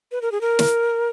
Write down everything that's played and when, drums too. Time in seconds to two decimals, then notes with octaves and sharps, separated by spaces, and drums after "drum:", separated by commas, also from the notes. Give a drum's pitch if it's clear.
0.12 B4
0.22 A#4
0.32 G#4
0.41 A#4
0.59 drum: snare